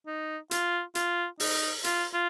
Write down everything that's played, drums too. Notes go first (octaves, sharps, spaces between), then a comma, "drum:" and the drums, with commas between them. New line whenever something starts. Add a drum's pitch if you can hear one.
D#4
F4, drum: hi-hat
F4, drum: hi-hat
D#4, drum: open hi-hat
F4, drum: hi-hat
F4